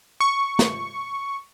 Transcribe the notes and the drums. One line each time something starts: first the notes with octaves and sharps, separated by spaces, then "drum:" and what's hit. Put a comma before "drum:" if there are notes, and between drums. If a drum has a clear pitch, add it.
C#6
drum: snare